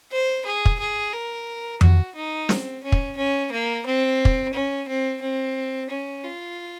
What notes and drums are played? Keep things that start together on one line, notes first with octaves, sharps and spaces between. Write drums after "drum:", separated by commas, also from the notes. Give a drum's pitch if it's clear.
C5
G#4
drum: kick
G#4
A#4
F#4, drum: tom F2
D#4
C4, drum: snare
C#4
drum: kick
C#4
A#3
C4
drum: kick
C#4
C4
C4
C#4
F4